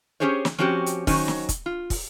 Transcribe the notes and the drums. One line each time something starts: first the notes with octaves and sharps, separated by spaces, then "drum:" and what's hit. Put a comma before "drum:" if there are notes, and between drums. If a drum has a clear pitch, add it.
C#4 E4 G4 G#4 C5 C#5
drum: snare
F3 C4 C#4 F#4 G4
drum: hi-hat
D#3 F#3 C#4 D#4 C5, drum: kick, open hi-hat
drum: snare
drum: kick, hi-hat
F4
drum: kick, open hi-hat